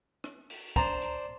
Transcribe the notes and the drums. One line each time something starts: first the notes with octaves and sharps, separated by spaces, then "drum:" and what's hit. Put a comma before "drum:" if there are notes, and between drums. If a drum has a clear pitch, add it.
drum: rim click
drum: open hi-hat
D4 C5 A#5, drum: kick, hi-hat
drum: hi-hat